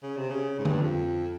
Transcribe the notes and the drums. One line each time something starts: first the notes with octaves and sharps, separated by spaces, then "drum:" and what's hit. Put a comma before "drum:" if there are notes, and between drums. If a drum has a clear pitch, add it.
C#3
C3
C#3
G#2
G2, drum: tom
F2